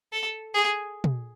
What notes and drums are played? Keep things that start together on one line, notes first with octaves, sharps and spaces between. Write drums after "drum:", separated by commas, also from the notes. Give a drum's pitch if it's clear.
A4
G#4
drum: tom